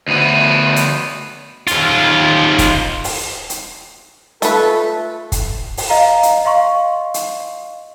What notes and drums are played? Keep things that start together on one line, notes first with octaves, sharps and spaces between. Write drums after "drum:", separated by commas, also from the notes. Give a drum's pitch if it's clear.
D2 B3
drum: hi-hat
D#2 F4, drum: hi-hat
drum: kick, hi-hat
drum: open hi-hat
drum: hi-hat
A3 F4 A4 B4, drum: hi-hat
drum: kick, hi-hat
drum: open hi-hat
D#5 F5 A#5
drum: hi-hat
D#5 F5 C6 C#6
drum: hi-hat